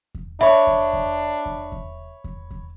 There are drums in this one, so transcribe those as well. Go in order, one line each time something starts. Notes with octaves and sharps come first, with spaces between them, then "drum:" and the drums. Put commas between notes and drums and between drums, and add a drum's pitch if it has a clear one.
drum: kick E2
D4 C#5 E5 B5
drum: kick E2
drum: kick E2
drum: kick E2
drum: kick E2
drum: kick E2
drum: kick E2